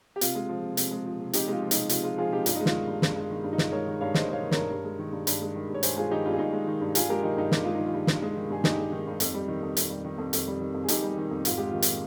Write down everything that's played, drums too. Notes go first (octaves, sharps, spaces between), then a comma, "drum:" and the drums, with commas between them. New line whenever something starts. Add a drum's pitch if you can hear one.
G4
C3 F4, drum: hi-hat
G#3
F3
C3
C3, drum: hi-hat
G#3
F3
C3
C3 D#4 G4, drum: hi-hat
G#3 F4
F3
C3 D#4, drum: hi-hat
C3 F4, drum: hi-hat
G#3 F4
F3 F4 G#4
C3 D#4 G4
G2 F4, drum: hi-hat
D#4
G#3
F4, drum: snare
D#3
G2
G2, drum: snare
G#3
D#3
G2
D#4
G2 F4, drum: snare
G#3 A#4 C#5
D#3
G2 C#5 F5
G2 C5 D#5, drum: snare
G#3 C#5 F5
D#3
G2 A#4 C#5, drum: snare
G2
G#3
D#3
G2
G2, drum: hi-hat
G#3
D#3
G2
C#5
G2 G#4 C5, drum: hi-hat
G#3 F4 G#4
D#3 D#4 G4
G2 F4
G#4
G2 D#4 G4
G#3
D#3
G2
G2 F4 G#4, drum: hi-hat
G#3 G4 A#4
D#3 D#4 G4
G2 D#4 G4
G2 G4, drum: snare
G#3 F4
D#3 D#4
F4
G2
G2, drum: snare
G#3
D#3
G2 G#4
G2 D#4 G4, drum: snare
G#3
D#3
G2
F2, drum: hi-hat
G3
D#3
F2
F2, drum: hi-hat
G3
D#3
F2
F2, drum: hi-hat
G3
D#3
F2
G#4
F2 D#4 G4, drum: hi-hat
G3
D#3
F2
G#2 F4, drum: hi-hat
G#3 G4
D#3 F4
drum: hi-hat